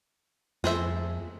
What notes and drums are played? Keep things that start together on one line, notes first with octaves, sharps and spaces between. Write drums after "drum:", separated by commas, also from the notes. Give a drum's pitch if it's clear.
F2 G#4 C5 E5, drum: snare